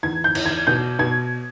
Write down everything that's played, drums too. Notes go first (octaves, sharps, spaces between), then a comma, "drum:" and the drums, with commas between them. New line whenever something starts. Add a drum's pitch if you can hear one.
E2 G#6
G6
E2, drum: cymbal
G#6
B2 G6
B2 G#6